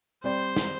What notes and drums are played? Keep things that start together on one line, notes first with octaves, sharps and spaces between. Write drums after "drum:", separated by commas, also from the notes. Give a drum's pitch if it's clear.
G3 C4 G4 C5 D5
drum: snare